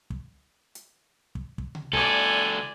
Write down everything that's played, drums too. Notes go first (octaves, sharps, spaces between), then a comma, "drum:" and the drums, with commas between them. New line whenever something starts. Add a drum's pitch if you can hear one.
drum: kick
drum: hi-hat
drum: kick
drum: kick
drum: tom C3
C#2 A4 D5 G#5, drum: kick